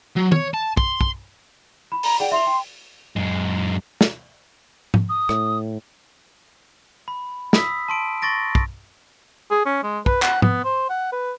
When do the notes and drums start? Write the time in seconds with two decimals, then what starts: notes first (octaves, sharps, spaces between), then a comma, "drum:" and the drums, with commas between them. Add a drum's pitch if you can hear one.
0.17 F#3
0.32 C#5, drum: tom
0.54 A5
0.77 C6, drum: kick
1.01 drum: kick
1.92 B5
2.03 A#5, drum: open hi-hat
2.20 G#4 D5 F#5 G5
2.31 E5 C6 F7
2.47 G5
3.16 F#2 G#3
4.01 drum: snare
4.94 drum: tom G#2
5.09 D#6
5.29 A2, drum: rim click
7.08 B5
7.53 B5 D#6 E6 B6, drum: snare
7.88 A5 C6 D7
8.22 C6 C#6 A6 A#6 D7
8.55 drum: kick
9.50 G#4
9.66 C#4
9.83 G#3
10.06 B4, drum: kick
10.22 F#5, drum: clap
10.42 B3, drum: tom G#2
10.64 C5
10.89 F#5
11.12 B4